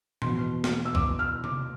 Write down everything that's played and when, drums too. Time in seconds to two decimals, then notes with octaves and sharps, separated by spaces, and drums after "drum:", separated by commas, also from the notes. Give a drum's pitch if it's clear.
0.22 E2 B2 B3 C6, drum: tom A2
0.64 drum: snare
0.85 E6
0.95 D6, drum: kick B1
1.19 F6
1.44 D6, drum: tom C3